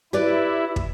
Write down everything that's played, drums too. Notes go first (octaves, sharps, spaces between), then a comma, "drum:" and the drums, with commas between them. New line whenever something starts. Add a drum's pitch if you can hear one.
E4 G4 B4 D5
drum: kick